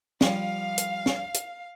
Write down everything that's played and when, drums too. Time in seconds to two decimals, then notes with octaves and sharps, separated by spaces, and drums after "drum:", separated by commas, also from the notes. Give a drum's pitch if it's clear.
0.21 F3 G3 F5, drum: snare
0.78 drum: hi-hat
1.06 drum: snare
1.34 drum: hi-hat